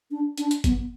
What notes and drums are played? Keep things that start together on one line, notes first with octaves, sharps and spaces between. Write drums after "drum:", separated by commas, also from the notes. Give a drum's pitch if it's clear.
D4
D4, drum: hi-hat
drum: hi-hat
B3, drum: kick G1, hi-hat